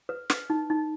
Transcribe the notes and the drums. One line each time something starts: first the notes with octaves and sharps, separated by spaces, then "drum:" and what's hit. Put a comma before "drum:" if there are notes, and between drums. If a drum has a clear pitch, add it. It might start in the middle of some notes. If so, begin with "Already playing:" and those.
B4
B4, drum: snare
D#4
D#4